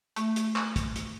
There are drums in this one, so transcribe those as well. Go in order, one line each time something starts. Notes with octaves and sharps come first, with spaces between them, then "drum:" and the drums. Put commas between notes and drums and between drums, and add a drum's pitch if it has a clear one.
A3, drum: hi-hat
drum: hi-hat
drum: clap
drum: kick, hi-hat
drum: hi-hat